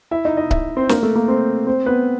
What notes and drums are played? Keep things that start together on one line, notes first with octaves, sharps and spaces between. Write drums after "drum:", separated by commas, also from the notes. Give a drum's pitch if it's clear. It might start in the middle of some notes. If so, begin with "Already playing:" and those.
E4 E5
D#4 D#5
D#4 D#5
E4 E5, drum: kick C#1
C4 C5
A#3 A#4, drum: snare
A3 A4
A#3 A#4
C4 C5
C4 C5
B3 B4